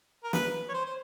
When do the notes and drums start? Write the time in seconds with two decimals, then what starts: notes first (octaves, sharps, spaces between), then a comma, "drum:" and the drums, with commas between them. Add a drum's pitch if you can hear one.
0.24 A#4
0.33 B4, drum: snare
0.69 C#5
0.74 C5
0.86 C5